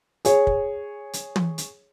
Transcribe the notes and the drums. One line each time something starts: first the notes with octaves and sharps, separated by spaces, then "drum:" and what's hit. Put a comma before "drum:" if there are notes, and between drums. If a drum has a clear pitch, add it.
G#4 C#5, drum: hi-hat
drum: kick
drum: hi-hat
drum: tom
drum: hi-hat